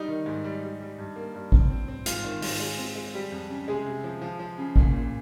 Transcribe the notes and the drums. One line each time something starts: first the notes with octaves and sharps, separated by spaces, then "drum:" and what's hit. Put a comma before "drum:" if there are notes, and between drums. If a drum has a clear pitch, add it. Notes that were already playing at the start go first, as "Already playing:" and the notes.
Already playing: G3 D#4
D#3
G#2
G3
G3
G3
G2
A#3
G2
C4, drum: kick G#1
C4
C4
G#2 F4, drum: hi-hat
D#3
G#2, drum: open hi-hat
G#3
C4
G#3
G3 G4
F2
C#3
C3 G#3 G#4
C3
F3
F3
F3
C#3
A#2, drum: kick G#1
A#2